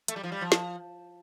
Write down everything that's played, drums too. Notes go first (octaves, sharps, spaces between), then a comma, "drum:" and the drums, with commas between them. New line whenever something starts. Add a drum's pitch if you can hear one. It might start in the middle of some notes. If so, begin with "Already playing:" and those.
A3, drum: hi-hat
G3
F3
G3
F3
drum: snare